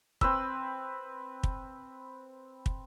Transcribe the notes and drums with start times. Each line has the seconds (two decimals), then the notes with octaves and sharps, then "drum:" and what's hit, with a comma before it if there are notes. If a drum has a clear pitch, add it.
0.21 C4 B4 E6, drum: kick
1.43 drum: kick
2.66 drum: kick